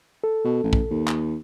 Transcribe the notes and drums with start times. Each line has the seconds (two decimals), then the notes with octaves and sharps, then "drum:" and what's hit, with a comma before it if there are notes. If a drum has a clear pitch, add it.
0.24 A4
0.44 B2
0.64 A1
0.73 drum: kick
0.90 D#2
1.08 drum: clap